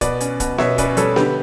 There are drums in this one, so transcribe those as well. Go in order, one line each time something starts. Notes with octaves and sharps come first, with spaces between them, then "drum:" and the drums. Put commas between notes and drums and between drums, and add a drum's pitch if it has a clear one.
B2 B4 D5, drum: kick, hi-hat
C#4, drum: hi-hat
B2, drum: kick, hi-hat
B2 C#5 E5, drum: snare B3
C#4 B4 D5, drum: kick, hi-hat
G3 A4 C#5, drum: hi-hat
D3 G4 B4, drum: snare B3